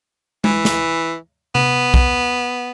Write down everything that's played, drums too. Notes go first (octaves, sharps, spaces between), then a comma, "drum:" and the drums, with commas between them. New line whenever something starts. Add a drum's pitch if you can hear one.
E3, drum: tom G#3
drum: snare
B3, drum: tom C3
drum: kick B1